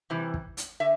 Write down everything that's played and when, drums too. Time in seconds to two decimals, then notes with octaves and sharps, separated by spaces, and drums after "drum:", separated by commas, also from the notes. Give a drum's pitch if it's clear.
0.10 C3 E3 G3
0.34 drum: kick
0.57 drum: hi-hat
0.80 D3 E5